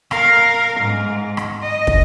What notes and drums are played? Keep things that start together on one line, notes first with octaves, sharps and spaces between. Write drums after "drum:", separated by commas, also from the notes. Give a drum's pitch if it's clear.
A#4 F5, drum: rim click
G#2
drum: rim click
D#5
drum: kick